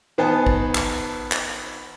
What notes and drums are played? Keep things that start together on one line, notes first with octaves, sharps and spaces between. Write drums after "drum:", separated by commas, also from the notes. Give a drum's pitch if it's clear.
D#3 B3 C5 G#5 A5
drum: kick A1
drum: clap
drum: clap